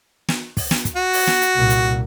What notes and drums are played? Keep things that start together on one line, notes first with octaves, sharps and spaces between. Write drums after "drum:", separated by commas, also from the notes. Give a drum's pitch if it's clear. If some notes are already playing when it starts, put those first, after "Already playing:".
drum: snare
drum: kick, open hi-hat
drum: snare
drum: kick, hi-hat
F#4
drum: open hi-hat
drum: snare
drum: hi-hat
C2 A#2
drum: hi-hat